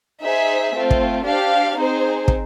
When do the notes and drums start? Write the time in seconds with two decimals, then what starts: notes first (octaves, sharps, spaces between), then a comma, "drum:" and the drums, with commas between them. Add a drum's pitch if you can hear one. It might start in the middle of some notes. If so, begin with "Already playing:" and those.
0.21 D#4 G#4 C5 E5
0.74 A3 C4 F4
0.91 drum: kick
1.24 D4 G4 C5 F5
1.77 C4 D#4 G#4 C5
2.28 drum: kick